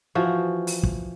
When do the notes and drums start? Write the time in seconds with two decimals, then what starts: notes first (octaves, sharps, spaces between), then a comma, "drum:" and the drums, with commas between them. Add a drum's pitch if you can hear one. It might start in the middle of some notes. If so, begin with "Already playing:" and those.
0.15 E3 F3 F#4
0.67 drum: open hi-hat
0.83 drum: kick